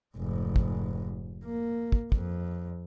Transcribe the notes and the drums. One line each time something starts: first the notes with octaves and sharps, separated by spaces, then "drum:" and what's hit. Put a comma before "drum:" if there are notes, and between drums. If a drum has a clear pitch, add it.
F1 G#2
drum: kick
A#3
drum: kick
F2, drum: kick